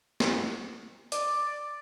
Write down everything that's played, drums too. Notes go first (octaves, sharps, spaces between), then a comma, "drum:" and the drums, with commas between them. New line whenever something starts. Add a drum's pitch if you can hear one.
drum: snare
D5, drum: hi-hat